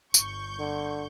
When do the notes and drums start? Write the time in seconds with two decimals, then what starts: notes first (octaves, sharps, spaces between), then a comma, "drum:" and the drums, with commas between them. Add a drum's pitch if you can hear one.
0.14 G1 C#6 G6, drum: tambourine
0.59 D3